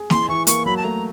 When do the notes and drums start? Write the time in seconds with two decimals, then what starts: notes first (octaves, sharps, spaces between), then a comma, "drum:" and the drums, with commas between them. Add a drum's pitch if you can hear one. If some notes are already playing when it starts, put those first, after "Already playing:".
Already playing: G#4
0.10 E3 C6, drum: snare
0.29 E3 C#6
0.47 A#3 C#6, drum: hi-hat
0.66 F#3 B5
0.77 A5
0.84 A3 A#5